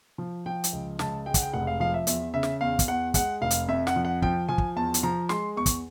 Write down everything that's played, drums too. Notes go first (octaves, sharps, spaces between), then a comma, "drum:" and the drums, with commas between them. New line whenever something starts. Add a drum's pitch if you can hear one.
F3
F3 G5
drum: hi-hat
C#2
C#2 A5, drum: snare
G#3 G5
F#5, drum: kick, hi-hat
G5
F1 F#5
F5
F3 F5
E5
E2 E5, drum: hi-hat
C#3 E5
drum: snare
E2 F5
drum: kick, hi-hat
E2 F#5
G#3 F#5, drum: kick, hi-hat
F1 F5
drum: hi-hat
F2 E5
F#5, drum: snare
F3
F#5
F3 G5, drum: kick
F3 G#5
drum: kick
E2 A5
drum: hi-hat
F3 A#5
G#3 C6, drum: snare
E2 C#6
drum: kick, hi-hat